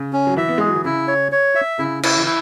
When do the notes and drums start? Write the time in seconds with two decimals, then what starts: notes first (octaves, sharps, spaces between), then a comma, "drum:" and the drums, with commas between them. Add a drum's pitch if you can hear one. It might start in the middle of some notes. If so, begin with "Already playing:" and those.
Already playing: C#3
0.13 C#4
0.27 F#3
0.37 E3 E5
0.48 B3
0.58 G#3 G#4
0.67 F#3
0.76 E3
0.85 C#3 E4
1.08 C#5
1.32 C#5
1.55 E5
1.79 C#3 E4
2.03 E4, drum: cymbal
2.17 E3
2.26 E4